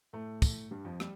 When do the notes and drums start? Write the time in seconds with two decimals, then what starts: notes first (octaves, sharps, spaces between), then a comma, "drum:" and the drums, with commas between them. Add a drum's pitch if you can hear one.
0.13 A2 A3
0.42 drum: kick, tambourine
0.71 G2 G3
0.85 F2 F3
1.00 G3, drum: rim click